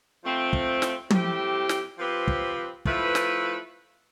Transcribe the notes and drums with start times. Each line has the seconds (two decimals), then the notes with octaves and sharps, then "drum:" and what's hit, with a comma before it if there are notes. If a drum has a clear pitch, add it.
0.24 F3 A3 C4
0.53 drum: kick
0.82 drum: snare
1.10 A2 G3 C4 G4, drum: tom
1.69 drum: snare
1.99 F3 C4 G4 B4
2.28 drum: kick
2.85 F3 A3 E4 B4, drum: kick
3.15 drum: snare